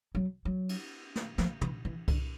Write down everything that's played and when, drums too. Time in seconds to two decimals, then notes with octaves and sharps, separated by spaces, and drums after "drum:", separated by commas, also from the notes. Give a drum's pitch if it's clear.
0.15 F#3
0.45 F#3
0.69 drum: cymbal
1.15 drum: snare
1.38 F3, drum: snare
1.61 E3, drum: tom
1.85 E3
2.08 D3, drum: kick C2, cymbal